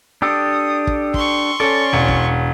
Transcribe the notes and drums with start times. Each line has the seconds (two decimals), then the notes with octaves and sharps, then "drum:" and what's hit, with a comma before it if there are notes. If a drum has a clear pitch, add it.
0.22 D4 G4 A4 D#6
0.87 drum: kick
1.14 C6 C#6, drum: kick
1.60 C#4 A4 D5
1.93 E1
2.08 drum: kick